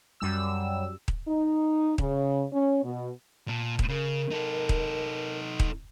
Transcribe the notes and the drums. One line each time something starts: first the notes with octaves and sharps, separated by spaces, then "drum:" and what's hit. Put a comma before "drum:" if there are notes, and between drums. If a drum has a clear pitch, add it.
F#2 G3 E6
drum: kick D#1
D#4
C#3, drum: kick D#1
C#4
B2
A#2 A5
drum: kick D#1
C#3 A#4 D#5
D#4 A4
drum: kick D#1
drum: kick D#1